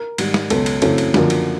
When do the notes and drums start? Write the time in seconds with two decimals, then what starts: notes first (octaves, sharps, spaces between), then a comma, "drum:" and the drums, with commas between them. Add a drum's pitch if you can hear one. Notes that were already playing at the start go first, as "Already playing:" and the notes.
Already playing: A#4
0.18 G#2 D#3 G3, drum: cymbal
0.34 drum: snare
0.50 C#2 B2 F#3 A4, drum: cymbal
0.66 drum: cymbal
0.82 F#2 C#3 E3 A3 C4 A4, drum: cymbal
0.98 drum: cymbal
1.14 F#2 D3 F3 A#3, drum: snare
1.30 drum: cymbal